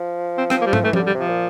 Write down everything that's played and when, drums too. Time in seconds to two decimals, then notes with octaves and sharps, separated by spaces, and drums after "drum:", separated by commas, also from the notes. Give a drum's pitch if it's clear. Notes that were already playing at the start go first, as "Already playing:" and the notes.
Already playing: F3
0.38 C4
0.50 C4, drum: rim click
0.61 A#3
0.66 G3
0.73 A3, drum: tom
0.84 E3 A3
0.93 C3 G3, drum: tom F3
0.99 D3
1.06 G3
1.15 C3 F3
1.29 A#2